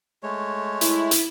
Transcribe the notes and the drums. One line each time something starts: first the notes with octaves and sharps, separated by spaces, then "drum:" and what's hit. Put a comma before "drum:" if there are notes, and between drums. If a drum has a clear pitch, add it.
G#3 A3 C#5
E4, drum: hi-hat
drum: hi-hat